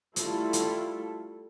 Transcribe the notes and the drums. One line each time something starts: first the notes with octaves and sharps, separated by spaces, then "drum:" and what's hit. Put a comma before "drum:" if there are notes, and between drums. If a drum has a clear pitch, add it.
G3 A3 E4 F4 A4, drum: hi-hat
drum: hi-hat